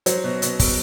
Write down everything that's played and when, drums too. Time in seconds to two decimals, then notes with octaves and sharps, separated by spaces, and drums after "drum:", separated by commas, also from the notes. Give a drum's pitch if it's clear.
0.06 F#3 C5, drum: hi-hat
0.24 B2
0.42 B2, drum: hi-hat
0.59 B2, drum: kick, open hi-hat